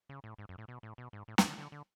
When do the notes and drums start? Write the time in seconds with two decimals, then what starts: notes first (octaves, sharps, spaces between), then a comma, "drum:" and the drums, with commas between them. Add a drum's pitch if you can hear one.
0.09 C#3
0.24 A2
0.39 G#2
0.49 F#2
0.58 A2
0.68 B2
0.83 A2
0.98 B2
1.13 G#2
1.28 A2
1.38 F2, drum: snare
1.48 D3
1.58 D3
1.72 D3